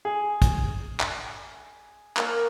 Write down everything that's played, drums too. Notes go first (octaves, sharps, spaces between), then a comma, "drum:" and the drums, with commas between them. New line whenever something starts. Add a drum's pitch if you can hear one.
G#4
drum: kick, hi-hat
drum: clap
A#3 C#5, drum: clap